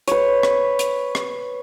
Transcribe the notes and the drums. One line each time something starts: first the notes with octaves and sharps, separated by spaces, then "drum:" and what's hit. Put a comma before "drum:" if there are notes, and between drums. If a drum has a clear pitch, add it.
B4 C#5, drum: hi-hat
drum: rim click
drum: hi-hat
drum: rim click